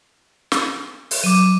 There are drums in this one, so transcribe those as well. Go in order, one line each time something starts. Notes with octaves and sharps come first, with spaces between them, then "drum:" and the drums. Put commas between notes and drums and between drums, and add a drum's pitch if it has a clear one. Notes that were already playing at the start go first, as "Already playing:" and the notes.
drum: snare
drum: open hi-hat
F#3 D6 D#7